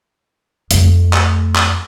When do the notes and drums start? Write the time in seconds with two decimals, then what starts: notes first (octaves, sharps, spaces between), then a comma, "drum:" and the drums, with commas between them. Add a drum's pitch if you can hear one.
0.71 F2 A3, drum: hi-hat
1.13 drum: clap
1.56 drum: clap